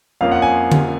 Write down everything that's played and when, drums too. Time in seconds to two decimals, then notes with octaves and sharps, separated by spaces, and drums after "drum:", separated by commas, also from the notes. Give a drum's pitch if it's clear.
0.21 F2 F3 A#3 C#4 F5
0.32 F#5
0.42 G#5
0.72 drum: tom D3